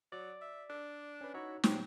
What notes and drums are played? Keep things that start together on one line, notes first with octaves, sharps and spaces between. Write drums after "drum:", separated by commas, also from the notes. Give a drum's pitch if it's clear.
F#3 D5
E5
D4
C#4 B4
D#4 E4 F#4 C#5
A#2 F#3 C4 G4, drum: snare